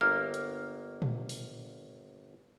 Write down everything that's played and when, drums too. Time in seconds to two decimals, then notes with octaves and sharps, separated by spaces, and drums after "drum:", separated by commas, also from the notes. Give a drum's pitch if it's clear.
0.01 G1 A#3 F6
0.34 drum: hi-hat
1.02 drum: tom A#2
1.29 drum: open hi-hat